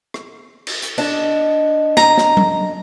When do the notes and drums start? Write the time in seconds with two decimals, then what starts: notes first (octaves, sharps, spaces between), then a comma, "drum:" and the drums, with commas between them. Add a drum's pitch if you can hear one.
0.14 drum: rim click
0.67 drum: cymbal
0.82 drum: hi-hat
0.98 D4 D#5 A5, drum: cymbal
1.97 A#5, drum: snare
2.18 drum: snare
2.37 drum: tom F#3